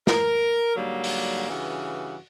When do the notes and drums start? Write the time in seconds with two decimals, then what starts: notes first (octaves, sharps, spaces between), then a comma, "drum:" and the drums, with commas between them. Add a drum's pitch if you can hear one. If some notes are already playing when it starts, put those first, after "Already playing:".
0.07 A#4, drum: snare
0.76 G#2 D3 F#3 G3 A#3
1.04 drum: open hi-hat
1.49 G2 C#3 E3 F#4